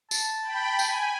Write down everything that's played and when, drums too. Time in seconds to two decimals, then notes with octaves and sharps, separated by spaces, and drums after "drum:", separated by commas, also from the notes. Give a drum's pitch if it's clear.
0.11 A5, drum: tambourine
0.42 G5 B5
0.79 G#5, drum: tambourine